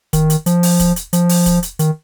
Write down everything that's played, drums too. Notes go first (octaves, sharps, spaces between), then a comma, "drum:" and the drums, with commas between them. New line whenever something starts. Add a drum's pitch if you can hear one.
D#3, drum: kick, hi-hat
drum: hi-hat
F3, drum: hi-hat
drum: open hi-hat
drum: kick, hi-hat
drum: hi-hat
F3, drum: hi-hat
drum: open hi-hat
drum: kick, hi-hat
drum: hi-hat
D#3, drum: hi-hat